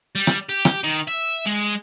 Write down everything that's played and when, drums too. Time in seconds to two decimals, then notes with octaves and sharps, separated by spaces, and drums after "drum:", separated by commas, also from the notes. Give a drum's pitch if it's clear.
0.15 G3
0.27 drum: rim click
0.49 G4
0.65 drum: rim click
0.84 D#3
1.08 E5
1.46 G#3